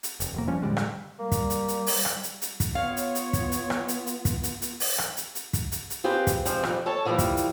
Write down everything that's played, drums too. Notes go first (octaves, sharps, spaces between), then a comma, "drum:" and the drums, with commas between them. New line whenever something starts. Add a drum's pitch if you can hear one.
drum: hi-hat
F1, drum: hi-hat
E1 F#2 A#3
F3 G3 C#4
A2 D3 G3 G#3
drum: rim click
G3 A#3
drum: kick, hi-hat
drum: hi-hat
drum: hi-hat
drum: open hi-hat
drum: rim click
drum: hi-hat
drum: hi-hat
drum: kick, hi-hat
B3 F4 C#5 F5
drum: hi-hat
drum: hi-hat
drum: kick, hi-hat
drum: hi-hat
drum: rim click
drum: hi-hat
drum: hi-hat
drum: kick, hi-hat
drum: hi-hat
drum: hi-hat
drum: open hi-hat
drum: rim click
drum: hi-hat
drum: hi-hat
drum: kick, hi-hat
drum: hi-hat
drum: hi-hat
C4 F4 G4 G#4 B4
drum: kick, hi-hat
C3 F3 G#3 C4, drum: hi-hat
F2 G3, drum: rim click
A4 C#5 A5
D3 E3 F3 G3 A#3
drum: kick, hi-hat
drum: hi-hat